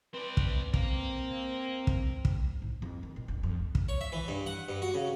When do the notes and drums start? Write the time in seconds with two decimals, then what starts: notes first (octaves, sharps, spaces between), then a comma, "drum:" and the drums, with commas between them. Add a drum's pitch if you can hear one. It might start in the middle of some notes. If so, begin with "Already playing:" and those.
0.14 C4 B4 D5
0.37 drum: kick
0.74 C4 A#4 F5, drum: kick
1.87 drum: kick
2.25 drum: kick
2.62 A2
2.82 F2 E4
3.03 D#3
3.16 A#2
3.28 G1 C#2
3.43 F2
3.75 drum: kick
3.89 C#5
4.01 E5
4.12 E3
4.28 G2
4.46 F#5
4.69 G2
4.82 F#4
4.94 C#3